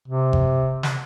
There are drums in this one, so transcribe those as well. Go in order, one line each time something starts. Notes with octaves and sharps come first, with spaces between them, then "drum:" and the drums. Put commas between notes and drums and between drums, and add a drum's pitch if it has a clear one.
C3
drum: kick G1
drum: snare